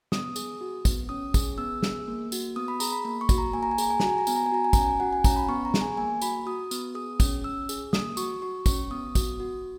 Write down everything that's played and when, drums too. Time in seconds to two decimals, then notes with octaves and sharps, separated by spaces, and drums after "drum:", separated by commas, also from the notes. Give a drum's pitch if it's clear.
0.12 B3 D#6, drum: snare
0.36 G#4, drum: tambourine
0.61 F#4
0.85 B3, drum: kick, tambourine
1.09 C#4 D#6
1.34 G#4, drum: kick, tambourine
1.58 B3 E6
1.83 G#4, drum: snare
2.08 A#3
2.32 F#4, drum: tambourine
2.56 B3 D#6
2.68 B5
2.80 G#4 A#5, drum: tambourine
2.92 B5
3.05 A#3 B5
3.21 C#6
3.29 F#4, drum: kick, tambourine
3.38 A#5
3.53 A#3 G#5
3.63 A#5
3.71 G#5
3.78 G#4 A#5, drum: tambourine
3.90 G#5
4.00 F#4 A#5, drum: snare
4.09 G#5
4.18 A#5
4.27 B3 G#5, drum: tambourine
4.36 A#5
4.46 G#5
4.52 F#4 A#5
4.64 G#5
4.73 C#4 A#5, drum: kick, tambourine
4.82 G#5
5.00 F#4 F#5
5.13 G#5
5.24 C#4 A#5, drum: kick, tambourine
5.36 B5
5.49 B3 C#6
5.65 A#5
5.74 G#4, drum: snare
5.81 G#5
5.97 A#3 G#5
6.21 F#4 B5, drum: tambourine
6.46 F#4 D#6
6.71 B3, drum: tambourine
6.95 G#4 D#6
7.20 C#4, drum: kick, tambourine
7.44 C#4 E6
7.69 G#4, drum: tambourine
7.93 A#3 D#6, drum: snare
8.17 F#4 C#6, drum: tambourine
8.42 F#4 C#6
8.66 C#4 C#6, drum: kick, tambourine
8.91 B3 D#6
9.15 F#4, drum: kick, tambourine
9.40 F#4